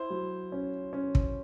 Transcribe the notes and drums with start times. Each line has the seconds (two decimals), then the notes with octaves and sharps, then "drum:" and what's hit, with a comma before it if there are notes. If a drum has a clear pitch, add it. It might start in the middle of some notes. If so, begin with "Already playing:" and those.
Already playing: E4 C5
0.10 F#3
0.52 C#4
0.93 C#4
1.15 drum: kick